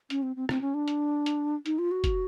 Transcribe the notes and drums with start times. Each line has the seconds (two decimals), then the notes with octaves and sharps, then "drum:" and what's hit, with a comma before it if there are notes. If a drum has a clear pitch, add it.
0.10 C#4, drum: hi-hat
0.22 C4
0.36 C4
0.49 C4, drum: rim click
0.61 C#4
0.74 D4
0.88 drum: hi-hat
1.26 drum: hi-hat
1.66 D#4, drum: hi-hat
1.79 F4
1.91 F#4
2.04 drum: kick, hi-hat